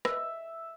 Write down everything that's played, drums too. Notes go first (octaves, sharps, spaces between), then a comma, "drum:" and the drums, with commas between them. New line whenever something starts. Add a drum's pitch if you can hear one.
E5, drum: rim click